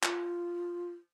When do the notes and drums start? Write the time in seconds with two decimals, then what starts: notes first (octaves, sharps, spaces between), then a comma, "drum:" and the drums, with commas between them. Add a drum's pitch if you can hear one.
0.03 F4, drum: clap